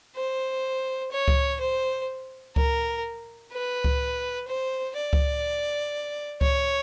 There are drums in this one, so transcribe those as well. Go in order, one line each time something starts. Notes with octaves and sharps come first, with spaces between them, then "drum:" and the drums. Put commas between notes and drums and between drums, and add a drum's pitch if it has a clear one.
C5
C#5
drum: kick C#2
C5
A#4, drum: kick C#2
B4
drum: kick C#2
C5
D5
drum: kick C#2
C#5, drum: kick C#2